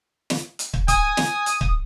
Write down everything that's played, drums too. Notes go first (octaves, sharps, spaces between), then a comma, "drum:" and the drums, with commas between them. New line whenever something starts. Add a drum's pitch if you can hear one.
drum: snare
drum: hi-hat
drum: kick
G#5 D#6, drum: kick, hi-hat
drum: snare
drum: hi-hat
drum: kick